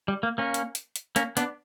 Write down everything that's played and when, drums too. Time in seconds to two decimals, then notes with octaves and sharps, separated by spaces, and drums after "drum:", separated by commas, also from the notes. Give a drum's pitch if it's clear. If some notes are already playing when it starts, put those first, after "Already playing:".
0.08 G3
0.23 A#3
0.38 A#3 C#4
0.54 drum: hi-hat
0.75 drum: hi-hat
0.96 drum: hi-hat
1.16 A#3 C#4, drum: hi-hat
1.37 B3 D4, drum: hi-hat